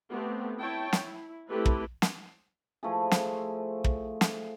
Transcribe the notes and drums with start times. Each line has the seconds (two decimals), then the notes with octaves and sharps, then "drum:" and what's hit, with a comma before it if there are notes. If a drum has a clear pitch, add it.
0.10 A3 B3 C4 G4
0.60 E4 C#5 G5 A5
0.93 E4, drum: snare
1.51 A3 C4 E4 G4 A4 B4
1.66 drum: kick
2.02 drum: snare
2.83 F3 A3 E4 G#4
3.11 drum: snare
3.84 drum: kick
4.21 drum: snare